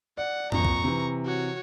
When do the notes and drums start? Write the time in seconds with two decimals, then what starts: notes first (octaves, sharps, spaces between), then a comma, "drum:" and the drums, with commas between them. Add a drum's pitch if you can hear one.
0.18 D5 F#5
0.52 A#1 F2 A#5 C#6, drum: tom G2
0.65 drum: kick
0.84 C3 E3
1.25 F#4 C#5